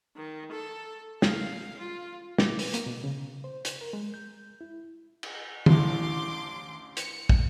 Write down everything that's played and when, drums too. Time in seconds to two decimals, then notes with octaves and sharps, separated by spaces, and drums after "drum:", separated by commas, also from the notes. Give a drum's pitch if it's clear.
0.16 D#3
0.52 A4
1.22 F5, drum: snare
1.79 F4
2.38 D6, drum: snare
2.59 B4, drum: open hi-hat
2.74 A#3, drum: hi-hat
2.86 B2
3.04 C#3
3.44 C5
3.65 drum: hi-hat
3.81 A#4
3.93 G#3
4.14 G6
4.61 E4
5.23 drum: cymbal
5.66 A1 D2 A2 C6 D6, drum: tom
6.97 C#7, drum: hi-hat
7.29 drum: kick